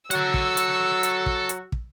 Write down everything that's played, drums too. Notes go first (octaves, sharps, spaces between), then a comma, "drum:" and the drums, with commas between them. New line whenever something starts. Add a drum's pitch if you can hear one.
F#3 F#4 A4 F#5 E6, drum: hi-hat
drum: kick
drum: hi-hat
drum: hi-hat
drum: kick
drum: hi-hat
drum: kick